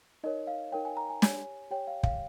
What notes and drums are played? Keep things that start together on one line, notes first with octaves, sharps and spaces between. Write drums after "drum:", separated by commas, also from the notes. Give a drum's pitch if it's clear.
D#4 A#4 C#5 D#5
F5
D#4 A#4 C#5 G5
G#5
A#5
G#5
G4 C#5 G#5, drum: snare
G4 C#5 G5
F5
F5, drum: kick